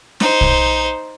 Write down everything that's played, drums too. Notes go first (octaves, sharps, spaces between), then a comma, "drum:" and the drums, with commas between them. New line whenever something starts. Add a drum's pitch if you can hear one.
D#4 C5, drum: snare
drum: kick